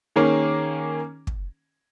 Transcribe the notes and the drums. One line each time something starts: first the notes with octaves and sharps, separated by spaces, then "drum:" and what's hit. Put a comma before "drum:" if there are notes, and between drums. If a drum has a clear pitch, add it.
D#3 A#3 C#4 G#4
drum: kick